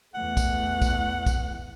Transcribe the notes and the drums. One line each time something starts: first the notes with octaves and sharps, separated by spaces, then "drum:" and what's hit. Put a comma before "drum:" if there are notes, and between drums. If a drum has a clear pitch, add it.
E2 E3 A3 F#5
drum: kick, tambourine
drum: kick, tambourine
drum: kick, tambourine